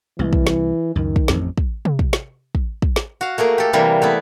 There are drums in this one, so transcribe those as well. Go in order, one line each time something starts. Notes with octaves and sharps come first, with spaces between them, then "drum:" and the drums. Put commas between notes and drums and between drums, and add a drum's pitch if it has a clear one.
C2 E3, drum: tom G3
drum: kick
drum: snare
C#2 F#2 D#3
drum: kick
A1 F2 C4, drum: snare
drum: kick
drum: tom C3
drum: kick
drum: snare
drum: kick
drum: kick
drum: snare
F#4 F5
A3 A#3 G#4 A#4
G4 A4
C3 E3 G3 A#3
A3 B3 E4